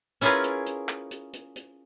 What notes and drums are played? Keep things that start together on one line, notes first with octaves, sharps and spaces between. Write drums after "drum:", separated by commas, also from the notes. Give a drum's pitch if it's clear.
C#4 E4 F4 G#4 A#4 B4, drum: hi-hat
drum: hi-hat
drum: hi-hat
drum: clap
drum: hi-hat
drum: hi-hat
drum: hi-hat